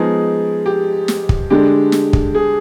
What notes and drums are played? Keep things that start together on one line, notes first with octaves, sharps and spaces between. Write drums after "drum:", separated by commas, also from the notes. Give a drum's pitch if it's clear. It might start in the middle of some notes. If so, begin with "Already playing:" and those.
Already playing: F3 G#3 B3 D#4 G#4
G4
drum: snare
drum: kick
D3 G#3 D4 G4
drum: snare
drum: kick
G#4